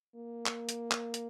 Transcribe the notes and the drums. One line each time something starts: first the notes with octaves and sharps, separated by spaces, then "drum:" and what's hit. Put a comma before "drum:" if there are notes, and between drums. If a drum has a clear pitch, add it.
A#3
drum: clap
drum: hi-hat
drum: clap
drum: hi-hat